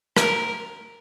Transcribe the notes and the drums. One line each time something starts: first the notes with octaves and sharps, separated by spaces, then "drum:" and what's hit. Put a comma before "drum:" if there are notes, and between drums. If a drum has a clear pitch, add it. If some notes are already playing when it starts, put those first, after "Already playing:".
A#4, drum: rim click